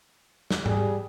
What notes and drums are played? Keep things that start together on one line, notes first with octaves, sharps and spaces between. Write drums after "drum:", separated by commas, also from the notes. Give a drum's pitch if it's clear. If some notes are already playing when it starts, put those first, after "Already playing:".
drum: snare
G3 G#4, drum: tom G#2